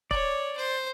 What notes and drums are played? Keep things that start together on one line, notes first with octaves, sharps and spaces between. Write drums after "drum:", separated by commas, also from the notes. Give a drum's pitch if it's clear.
C#5 D5, drum: kick
C5